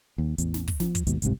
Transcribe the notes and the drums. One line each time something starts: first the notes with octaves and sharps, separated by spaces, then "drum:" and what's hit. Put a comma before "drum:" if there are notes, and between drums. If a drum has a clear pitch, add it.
D#2
A1 E2, drum: hi-hat
drum: snare
drum: kick, open hi-hat
F3, drum: snare
drum: kick, hi-hat
D#2 G#2 B2, drum: hi-hat
F#1 C2 G#2 C3, drum: hi-hat